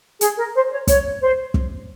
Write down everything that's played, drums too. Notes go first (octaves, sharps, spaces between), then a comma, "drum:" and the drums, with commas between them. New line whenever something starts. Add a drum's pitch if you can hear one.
G#4, drum: hi-hat
A#4
C5
C#5
C#5, drum: kick, hi-hat
C5
drum: kick